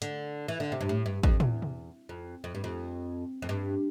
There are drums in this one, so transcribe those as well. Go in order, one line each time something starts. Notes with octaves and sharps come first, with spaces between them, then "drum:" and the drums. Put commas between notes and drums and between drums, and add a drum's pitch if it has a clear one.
D3, drum: hi-hat
E3
D3
C3
G2
A2
G2
F2, drum: kick
E2, drum: tom
drum: tom B2
F2
F2
G2
F2
F2
G2